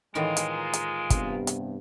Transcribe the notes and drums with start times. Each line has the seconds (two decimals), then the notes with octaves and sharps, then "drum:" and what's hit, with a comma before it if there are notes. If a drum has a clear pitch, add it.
0.15 A2 D#3 E3 G#3 F4 A#4
0.37 drum: hi-hat
0.73 drum: hi-hat
1.10 G2 C3 B3, drum: kick, hi-hat
1.47 drum: hi-hat